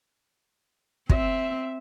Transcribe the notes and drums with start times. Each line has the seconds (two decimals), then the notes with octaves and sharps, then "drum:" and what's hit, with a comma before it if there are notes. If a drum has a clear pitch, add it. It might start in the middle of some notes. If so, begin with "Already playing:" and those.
1.09 C4 E5, drum: kick